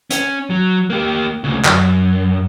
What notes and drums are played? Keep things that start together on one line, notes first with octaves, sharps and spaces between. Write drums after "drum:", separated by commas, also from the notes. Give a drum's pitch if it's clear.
C#4, drum: hi-hat
F#3
A#3 G4
D2 C#3
F#2, drum: clap